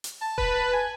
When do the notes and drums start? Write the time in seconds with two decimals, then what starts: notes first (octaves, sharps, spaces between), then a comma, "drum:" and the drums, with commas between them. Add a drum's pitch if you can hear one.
0.04 drum: hi-hat
0.21 A5
0.38 B4, drum: kick D#1
0.73 G#5